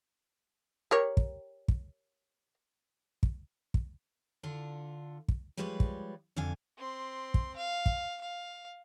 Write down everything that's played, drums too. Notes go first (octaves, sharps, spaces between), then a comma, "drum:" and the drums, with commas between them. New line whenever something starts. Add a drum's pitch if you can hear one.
G4 A#4 C#5
drum: kick
drum: kick
drum: kick
drum: kick
D3 D4 F4
drum: kick
F3 G3 G#3 B4 C#5 D5
drum: kick
F2 D3 D4 F5 G#5
C4 C6
drum: kick
F5
drum: kick
F5